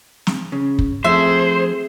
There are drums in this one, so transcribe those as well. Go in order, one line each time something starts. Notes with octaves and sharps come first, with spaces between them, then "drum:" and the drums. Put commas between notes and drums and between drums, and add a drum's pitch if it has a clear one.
drum: snare
C#3
drum: kick
F3 A3 C4 G#4 C5 E5